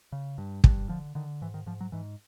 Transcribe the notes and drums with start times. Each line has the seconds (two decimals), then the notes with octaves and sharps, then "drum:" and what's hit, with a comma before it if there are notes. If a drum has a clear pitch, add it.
0.12 C#3
0.38 G2
0.64 G2, drum: kick
0.89 D3 F3
1.15 D3 D#3
1.42 G#2 E3
1.54 D#3
1.66 G#2 F3
1.81 F#3
1.92 G#2 E3